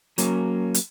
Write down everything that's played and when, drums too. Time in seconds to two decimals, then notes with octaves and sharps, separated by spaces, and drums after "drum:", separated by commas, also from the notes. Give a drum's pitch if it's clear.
0.18 F#3 A#3 C#4, drum: hi-hat
0.74 drum: hi-hat